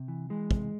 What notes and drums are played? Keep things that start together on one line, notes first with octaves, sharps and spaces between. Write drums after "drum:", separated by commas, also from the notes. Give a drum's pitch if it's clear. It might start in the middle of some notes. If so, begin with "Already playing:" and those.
Already playing: C3
E3
E3 G#3
C3, drum: kick